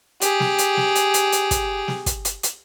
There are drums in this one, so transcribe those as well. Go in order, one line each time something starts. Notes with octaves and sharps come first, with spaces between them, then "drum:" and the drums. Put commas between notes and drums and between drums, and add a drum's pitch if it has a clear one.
G4 G#4, drum: hi-hat
drum: snare
drum: hi-hat
drum: snare
drum: hi-hat
drum: hi-hat
drum: hi-hat
drum: kick, hi-hat
drum: snare
drum: kick, hi-hat
drum: hi-hat
drum: hi-hat